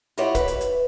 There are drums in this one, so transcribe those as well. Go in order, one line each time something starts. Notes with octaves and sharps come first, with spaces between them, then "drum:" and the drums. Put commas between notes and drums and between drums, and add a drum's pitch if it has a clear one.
E4 F4 G4 C#5 D#5 F#5
B4, drum: kick, hi-hat
drum: hi-hat
drum: hi-hat